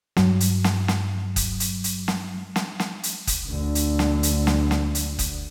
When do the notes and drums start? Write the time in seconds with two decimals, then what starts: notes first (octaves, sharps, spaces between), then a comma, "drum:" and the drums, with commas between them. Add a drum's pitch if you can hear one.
0.17 G2 F#3, drum: snare
0.40 drum: hi-hat
0.64 drum: snare
0.88 drum: snare
1.36 drum: kick F#1, hi-hat
1.60 drum: hi-hat
1.84 drum: hi-hat
2.08 drum: snare
2.56 drum: snare
2.80 drum: snare
3.03 drum: hi-hat
3.27 drum: kick F#1, hi-hat
3.47 D2 D3
3.75 drum: hi-hat
3.99 drum: snare
4.23 drum: hi-hat
4.47 drum: snare
4.71 drum: snare
4.95 drum: hi-hat
5.19 drum: kick F#1, hi-hat